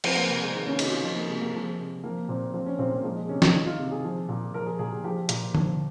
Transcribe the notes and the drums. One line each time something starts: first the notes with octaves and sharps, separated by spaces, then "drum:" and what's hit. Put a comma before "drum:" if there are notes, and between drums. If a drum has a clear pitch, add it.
F3 C4, drum: cymbal
A#3
C3 A#3
G#3
D#3 A#3
C#4
C3 D#4, drum: cymbal
F4
F3 D#4
A#3
C3 G#3
A#3
F3 G#3
C3
F3 A#3
A#2 C4
F3 C4
C#4
A#2 C4
A#3
F3 G#3
G#3
C3 C#4
D#4, drum: snare
D#3 D#4
F4
C3
G#4
F3
A#2
F3 A#4
G#4
A#2 G#4
G4
F3 G4
A#2, drum: hi-hat
F3, drum: tom D3